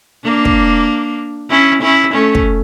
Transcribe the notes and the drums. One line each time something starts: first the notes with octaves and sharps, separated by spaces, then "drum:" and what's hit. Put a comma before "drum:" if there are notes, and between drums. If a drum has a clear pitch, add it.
A#3 D4
drum: kick
C#4 E4
C#4 E4
A3 C#4
drum: kick